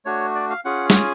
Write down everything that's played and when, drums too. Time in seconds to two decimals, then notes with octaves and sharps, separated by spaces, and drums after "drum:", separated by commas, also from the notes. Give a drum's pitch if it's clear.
0.05 A3 D4 F#4 C#5
0.35 D5
0.50 F5
0.65 C#4 F4 G#4 F#5
0.90 F#5, drum: snare
0.95 G#5